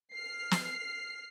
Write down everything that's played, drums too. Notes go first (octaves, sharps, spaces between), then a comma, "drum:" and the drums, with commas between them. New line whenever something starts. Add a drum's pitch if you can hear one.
F6 C7
drum: snare